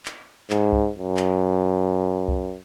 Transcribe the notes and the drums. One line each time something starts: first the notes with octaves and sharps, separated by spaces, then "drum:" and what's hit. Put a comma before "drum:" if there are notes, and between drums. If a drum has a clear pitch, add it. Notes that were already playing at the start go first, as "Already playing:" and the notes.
drum: clap
G#2, drum: clap
drum: kick C2
F#2
drum: clap
drum: kick C2